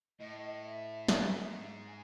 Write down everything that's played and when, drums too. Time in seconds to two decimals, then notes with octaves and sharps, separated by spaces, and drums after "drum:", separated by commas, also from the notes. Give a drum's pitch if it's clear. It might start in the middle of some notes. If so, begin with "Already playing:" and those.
0.19 A2 D#5
0.64 E5
1.08 G#2, drum: snare
1.87 G#5